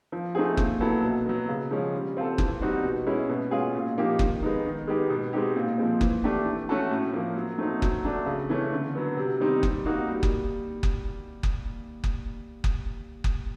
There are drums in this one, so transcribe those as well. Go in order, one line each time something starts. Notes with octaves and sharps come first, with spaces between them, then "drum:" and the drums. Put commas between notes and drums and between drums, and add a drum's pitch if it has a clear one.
F3
A3 C4 D#4 G#4
A#2, drum: kick F#1
F#3 B3 E4 A4
B2
F#3 B3
C#3
F3 G#3 C#4
G3
C4 F4 A4
E3, drum: kick F#1
G3 C4 D#4 F#4
B2
G#3 C#4 E4
B2
G#3 C#4 F4 G#4
A#2
F3 A#3 D#4 G4
D#3, drum: kick F#1
G#3 B3 D#4
D#3
G#3 B3 D#4 G4
B2
G#3 C4 D#4 G4
A#2
F3 G#3 C4
E3, drum: kick F#1
A3 D4 G4
E3
A3 C#4 F#4 A4
A2
F3 A#3
F#3
A3 C4 D#4
F#3, drum: kick F#1
A3 D4
C#3
E3 A3 C#4
D3
F#3 B3
C3
D#3 G3 C4 D#4
G3, drum: kick F#1
A#3 D#4 F#4
G3
drum: kick F#1
drum: kick F#1
drum: kick F#1
drum: kick F#1
drum: kick F#1
drum: kick F#1